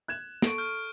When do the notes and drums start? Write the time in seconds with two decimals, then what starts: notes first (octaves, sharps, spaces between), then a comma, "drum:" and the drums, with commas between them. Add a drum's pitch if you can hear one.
0.08 F#6 G#6 E7
0.42 A4 C#6 D7, drum: snare
0.58 F6 G6